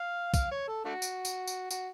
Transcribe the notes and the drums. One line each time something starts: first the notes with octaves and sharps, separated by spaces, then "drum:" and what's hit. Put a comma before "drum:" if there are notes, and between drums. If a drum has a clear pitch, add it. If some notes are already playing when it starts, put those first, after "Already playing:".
Already playing: F5
F5, drum: kick, tambourine
C#5
A4
A3 D4 F#4
drum: tambourine
drum: tambourine
drum: tambourine
F#4, drum: tambourine